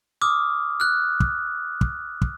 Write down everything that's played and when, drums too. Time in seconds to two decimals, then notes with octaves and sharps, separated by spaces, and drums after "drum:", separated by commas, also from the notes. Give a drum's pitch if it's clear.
0.22 D6 D#6 F6
0.80 F6 F#6
1.20 drum: kick
1.81 drum: kick
2.22 drum: kick